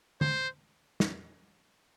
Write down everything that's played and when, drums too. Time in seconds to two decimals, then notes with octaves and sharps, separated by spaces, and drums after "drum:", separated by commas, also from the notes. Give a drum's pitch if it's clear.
0.21 C5, drum: tom
1.00 drum: snare